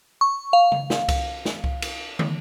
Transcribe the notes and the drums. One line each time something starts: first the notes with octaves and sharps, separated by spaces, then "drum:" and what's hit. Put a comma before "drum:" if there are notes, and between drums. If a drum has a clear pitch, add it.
C#6
F5
drum: tom C#3
drum: snare
drum: kick C2, cymbal
drum: snare
drum: kick C2
drum: cymbal
drum: tom